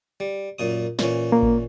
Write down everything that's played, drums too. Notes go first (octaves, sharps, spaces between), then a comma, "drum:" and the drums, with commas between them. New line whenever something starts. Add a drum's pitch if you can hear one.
G3
F#2 A#2 D#6
A#2 E3 C#4, drum: snare
A#3
drum: kick G#1